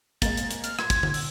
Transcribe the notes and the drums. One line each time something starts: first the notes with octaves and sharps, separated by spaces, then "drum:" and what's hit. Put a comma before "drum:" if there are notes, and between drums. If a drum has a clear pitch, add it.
G#3 A#3 A6, drum: kick, hi-hat
drum: hi-hat
drum: hi-hat
F6, drum: hi-hat
C6 G#6, drum: rim click
drum: kick, hi-hat
drum: tom D3
E6, drum: open hi-hat